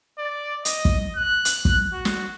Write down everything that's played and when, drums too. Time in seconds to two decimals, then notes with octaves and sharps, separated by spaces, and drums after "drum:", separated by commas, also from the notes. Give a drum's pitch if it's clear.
0.19 D5
0.65 D#5, drum: hi-hat
0.85 drum: kick
1.16 F#6
1.45 drum: hi-hat
1.65 drum: kick
1.93 F#4
2.05 drum: snare